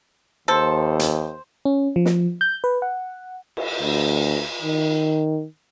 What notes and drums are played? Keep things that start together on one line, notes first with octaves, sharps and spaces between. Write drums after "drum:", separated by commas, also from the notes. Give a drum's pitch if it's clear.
D#2 A4 C5
drum: hi-hat
C#4
F3
drum: snare
G6
B4
F#5
drum: cymbal
D2
D#3